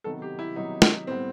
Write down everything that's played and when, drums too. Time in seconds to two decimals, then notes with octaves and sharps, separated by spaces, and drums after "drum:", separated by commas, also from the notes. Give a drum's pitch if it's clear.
0.04 C3 D#3 F#3 B3 A4
0.22 G4
0.39 E4
0.56 C3 D#3 F#3 B3 D#4
0.82 drum: snare
1.07 A2 G3 B3 C4